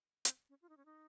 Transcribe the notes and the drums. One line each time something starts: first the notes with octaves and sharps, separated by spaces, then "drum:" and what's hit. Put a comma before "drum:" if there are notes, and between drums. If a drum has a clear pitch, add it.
C4, drum: hi-hat
C#4
F4
D#4
C#4
D#4